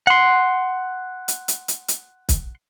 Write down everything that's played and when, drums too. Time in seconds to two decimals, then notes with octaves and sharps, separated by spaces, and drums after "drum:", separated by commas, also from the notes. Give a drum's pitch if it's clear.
0.07 F#5 C6
1.28 drum: hi-hat
1.48 drum: hi-hat
1.68 drum: hi-hat
1.88 drum: hi-hat
2.29 drum: kick, hi-hat